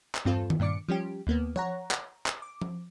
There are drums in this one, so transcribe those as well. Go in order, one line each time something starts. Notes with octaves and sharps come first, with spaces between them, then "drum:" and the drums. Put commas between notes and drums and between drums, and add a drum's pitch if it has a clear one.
drum: clap
E2 G2 C4 F4 A4
drum: tom D#3
G2 A#2 D4 D6 C#7
F3 G3 C#4 G4
D#2 A#3 B3
C#5 F#5 A#5, drum: tom F3
drum: clap
drum: clap
D6
drum: tom F3